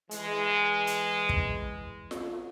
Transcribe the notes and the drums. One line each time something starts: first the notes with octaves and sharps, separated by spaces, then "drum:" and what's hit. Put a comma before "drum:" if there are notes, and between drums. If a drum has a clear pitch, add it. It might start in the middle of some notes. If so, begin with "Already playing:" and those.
E3 G#3, drum: hi-hat
drum: hi-hat
drum: kick
drum: snare F4